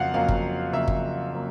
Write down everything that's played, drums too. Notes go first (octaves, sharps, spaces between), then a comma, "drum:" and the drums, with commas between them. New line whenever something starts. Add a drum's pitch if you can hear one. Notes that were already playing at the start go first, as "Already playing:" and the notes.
Already playing: F2 C#3 F#3 A#3 F5 F#5
F2 C#3 F#3 A#3 F5
drum: kick G1
F2 C#3 F#3 A#3 E5
drum: kick G1
C#3 F#3 A#3